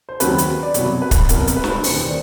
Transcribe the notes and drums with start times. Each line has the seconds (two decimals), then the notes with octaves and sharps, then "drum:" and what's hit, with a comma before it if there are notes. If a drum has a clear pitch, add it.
0.09 C5
0.20 D#2 C#3 F#3 B4, drum: hi-hat
0.38 drum: hi-hat
0.63 D5
0.74 C2 B2 F#3 C#5, drum: hi-hat
1.02 B4
1.11 drum: kick, hi-hat
1.29 C2 B2 F#3 A#4, drum: hi-hat
1.47 drum: hi-hat
1.57 B4
1.64 C5, drum: snare
1.71 B4
1.84 E1 D#2 C#3 C5, drum: open hi-hat
2.06 D5